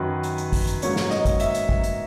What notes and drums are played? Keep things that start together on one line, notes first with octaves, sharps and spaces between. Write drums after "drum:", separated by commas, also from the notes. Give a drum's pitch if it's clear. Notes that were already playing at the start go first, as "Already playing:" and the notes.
Already playing: F#2 D#3 F#3 B4
drum: hi-hat
drum: hi-hat
drum: kick, open hi-hat
drum: hi-hat
G#2 F#3 A#3 C#4 C#5, drum: hi-hat
drum: snare
D#5, drum: snare
drum: kick, hi-hat
E5, drum: hi-hat
drum: hi-hat
drum: kick
drum: hi-hat